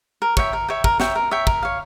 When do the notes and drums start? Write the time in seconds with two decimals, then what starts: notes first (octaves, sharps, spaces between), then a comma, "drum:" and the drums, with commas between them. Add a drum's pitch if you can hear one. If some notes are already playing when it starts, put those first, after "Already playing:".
0.22 A#4
0.37 C#5 E5 G5, drum: kick
0.53 A#4
0.68 C#5 E5 G5
0.84 A#4, drum: kick
1.00 C#5 E5 G5, drum: snare
1.15 A#4
1.31 C#5 E5 G5
1.47 A#4, drum: kick
1.62 C#5 F5